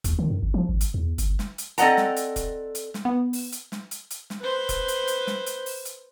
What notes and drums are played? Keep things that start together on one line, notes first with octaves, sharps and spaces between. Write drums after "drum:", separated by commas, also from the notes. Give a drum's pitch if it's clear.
D#2, drum: kick E1, hi-hat
D#3
F#2
G1
F3
G#1
drum: hi-hat
E2
G1, drum: hi-hat
drum: snare
drum: hi-hat
C4 A4 D5 D#5 F#5 A#5, drum: hi-hat
drum: snare
drum: hi-hat
drum: kick E1, hi-hat
drum: hi-hat
drum: snare
B3
drum: open hi-hat
drum: hi-hat
drum: snare
drum: hi-hat
drum: hi-hat
drum: snare
B4 C5
drum: kick E1, hi-hat
drum: hi-hat
drum: hi-hat
drum: snare
drum: hi-hat
drum: open hi-hat
drum: hi-hat